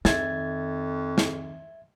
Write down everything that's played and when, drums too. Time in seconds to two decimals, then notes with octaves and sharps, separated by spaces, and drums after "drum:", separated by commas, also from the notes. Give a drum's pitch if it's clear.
0.05 F2 D#3 E5 G#6 A6, drum: snare
1.18 drum: snare